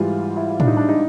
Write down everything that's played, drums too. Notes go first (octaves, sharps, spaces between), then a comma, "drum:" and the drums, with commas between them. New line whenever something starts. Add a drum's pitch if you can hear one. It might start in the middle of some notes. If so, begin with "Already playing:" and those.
Already playing: G#2 E3 G3 F4
E4
D4, drum: tom A2
D#4
D4
D#4